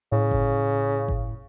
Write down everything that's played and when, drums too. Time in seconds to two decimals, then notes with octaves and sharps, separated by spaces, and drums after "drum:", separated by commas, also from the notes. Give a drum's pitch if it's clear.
0.12 A2 C#3
0.31 drum: kick G1
1.08 drum: kick G1